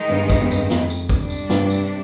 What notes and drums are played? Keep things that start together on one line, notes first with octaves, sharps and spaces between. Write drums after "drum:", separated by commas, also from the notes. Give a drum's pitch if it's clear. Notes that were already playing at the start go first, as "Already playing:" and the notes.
Already playing: D#3 G#3 D#4
G2
G2, drum: kick, tambourine
F2
G2, drum: tambourine
F2, drum: snare
drum: tambourine
C3 G3 D4, drum: kick, tambourine
drum: tambourine
G2, drum: snare
drum: tambourine